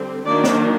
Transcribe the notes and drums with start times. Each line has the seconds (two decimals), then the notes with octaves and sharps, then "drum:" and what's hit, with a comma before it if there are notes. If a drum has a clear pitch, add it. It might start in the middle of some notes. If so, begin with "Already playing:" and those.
Already playing: D3 G3 C4
0.25 D#3 F#3 A#3 D4 D5
0.44 drum: snare C5